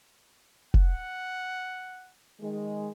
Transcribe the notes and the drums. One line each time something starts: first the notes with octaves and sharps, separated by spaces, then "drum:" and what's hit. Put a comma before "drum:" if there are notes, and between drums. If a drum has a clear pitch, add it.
F#5, drum: kick F1
D#3 G#3